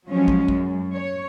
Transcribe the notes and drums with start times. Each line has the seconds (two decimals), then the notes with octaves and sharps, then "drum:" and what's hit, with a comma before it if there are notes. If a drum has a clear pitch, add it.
0.11 F3 F#3 G#3 C#4
0.28 drum: kick
0.48 F#2, drum: kick
0.96 C#5